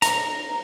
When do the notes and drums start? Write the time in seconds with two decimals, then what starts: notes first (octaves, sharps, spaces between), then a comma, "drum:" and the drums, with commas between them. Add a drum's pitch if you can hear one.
0.02 A#5, drum: hi-hat